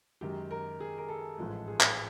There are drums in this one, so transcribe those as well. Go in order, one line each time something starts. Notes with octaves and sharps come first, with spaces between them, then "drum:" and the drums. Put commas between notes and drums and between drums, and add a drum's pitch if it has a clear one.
F#2 D#3 G#3 G4
A#4
G#4
A#4
A4
A1 G#2 F3 G#3
G#4
drum: clap